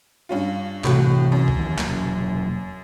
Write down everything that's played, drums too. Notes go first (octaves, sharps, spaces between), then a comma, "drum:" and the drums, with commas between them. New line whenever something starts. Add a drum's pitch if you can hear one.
G2 C#4 F4
A2 C3 E3 F#4, drum: clap
F#2
drum: kick C2
D#2 D#3 E3
E1 F#3 A#3, drum: clap